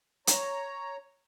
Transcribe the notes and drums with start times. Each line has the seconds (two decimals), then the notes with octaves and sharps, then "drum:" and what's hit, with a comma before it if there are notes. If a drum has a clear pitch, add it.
0.27 C#5 A#5, drum: hi-hat